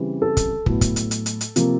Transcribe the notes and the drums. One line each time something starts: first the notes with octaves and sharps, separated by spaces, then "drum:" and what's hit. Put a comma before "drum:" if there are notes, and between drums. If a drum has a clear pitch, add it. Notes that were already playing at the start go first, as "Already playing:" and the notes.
Already playing: C#3 E3 G3 C4
A4
drum: kick, hi-hat
A2 F#3 B3, drum: kick
drum: kick, hi-hat
drum: hi-hat
drum: hi-hat
drum: hi-hat
drum: hi-hat
C3 F3 A#3, drum: hi-hat